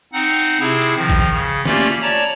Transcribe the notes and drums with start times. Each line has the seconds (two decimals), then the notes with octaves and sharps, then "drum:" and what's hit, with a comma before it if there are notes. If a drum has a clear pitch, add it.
0.13 C4 D#4 F#5
0.60 C3 C4 E4 G#4
0.81 drum: hi-hat
0.96 D#3 F3
1.09 drum: kick A1, hi-hat
1.31 C#3
1.65 A3 A#3 C#4 F4 G4 D5, drum: snare
2.02 C#5 D5 A5 A#5